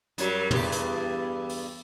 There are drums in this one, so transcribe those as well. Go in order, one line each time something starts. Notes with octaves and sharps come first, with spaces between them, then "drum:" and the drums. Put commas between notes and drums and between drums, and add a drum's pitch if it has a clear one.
F#2 F#3 G3, drum: hi-hat
E2 G2 G4, drum: tom
drum: hi-hat
drum: open hi-hat